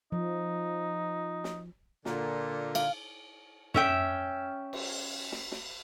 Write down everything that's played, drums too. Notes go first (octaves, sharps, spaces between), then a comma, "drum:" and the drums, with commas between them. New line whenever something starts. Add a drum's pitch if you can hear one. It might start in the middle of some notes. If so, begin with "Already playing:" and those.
F3 D#4
drum: snare
A#2 D3, drum: snare
F5, drum: cymbal
C#4 E5 G5, drum: tom
drum: cymbal
drum: snare
drum: snare